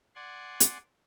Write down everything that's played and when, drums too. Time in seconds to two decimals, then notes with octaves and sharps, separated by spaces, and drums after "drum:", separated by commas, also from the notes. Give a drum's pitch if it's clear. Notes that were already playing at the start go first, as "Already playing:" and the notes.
0.16 D5 F#5 G#5 C6
0.60 drum: hi-hat